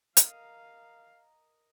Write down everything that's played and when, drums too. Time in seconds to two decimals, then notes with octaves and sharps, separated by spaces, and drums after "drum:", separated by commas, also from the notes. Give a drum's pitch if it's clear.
0.17 A#4 D#5 F5, drum: hi-hat